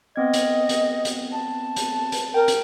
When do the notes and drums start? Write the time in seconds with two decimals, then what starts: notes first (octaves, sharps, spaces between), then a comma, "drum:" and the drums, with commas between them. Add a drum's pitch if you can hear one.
0.16 B3 C4 D#5 G#6
0.34 drum: hi-hat
0.69 drum: hi-hat
1.05 drum: hi-hat
1.32 A5
1.76 drum: hi-hat
2.12 drum: hi-hat
2.34 A#4 G5
2.48 drum: hi-hat